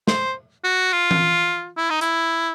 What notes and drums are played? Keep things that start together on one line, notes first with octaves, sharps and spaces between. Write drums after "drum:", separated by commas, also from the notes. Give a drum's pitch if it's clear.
C5, drum: snare
F#4
F4
drum: tom E3
E4
D#4
E4, drum: hi-hat